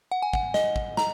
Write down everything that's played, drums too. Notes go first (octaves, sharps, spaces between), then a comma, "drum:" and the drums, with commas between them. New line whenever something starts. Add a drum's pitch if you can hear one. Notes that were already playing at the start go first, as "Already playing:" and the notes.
F#5
G#5
F#5, drum: kick
D#5, drum: snare
drum: kick
A#5, drum: snare